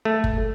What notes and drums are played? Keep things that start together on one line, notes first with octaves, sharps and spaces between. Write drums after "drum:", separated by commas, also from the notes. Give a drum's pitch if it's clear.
A3
drum: kick G1